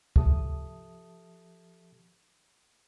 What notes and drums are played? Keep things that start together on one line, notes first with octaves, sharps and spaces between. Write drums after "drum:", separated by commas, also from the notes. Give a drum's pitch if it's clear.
F3 G4 A4 E5 A5 D#6, drum: kick